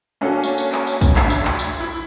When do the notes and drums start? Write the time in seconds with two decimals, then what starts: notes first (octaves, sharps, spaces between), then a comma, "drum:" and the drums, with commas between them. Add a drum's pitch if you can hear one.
0.21 A#3 C#4 D4 F#4 A4
0.44 drum: tambourine
0.58 drum: tambourine
0.72 drum: clap
0.87 drum: tambourine
1.01 drum: kick, tambourine
1.16 D2 D4 E5 G#6 A6 C7, drum: clap
1.30 drum: tambourine
1.45 drum: clap
1.59 drum: tambourine
1.80 E4 G#6